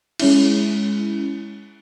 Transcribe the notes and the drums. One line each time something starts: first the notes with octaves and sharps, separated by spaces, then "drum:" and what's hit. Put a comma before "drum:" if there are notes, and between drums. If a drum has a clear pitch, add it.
G#3 C#4 E4, drum: cymbal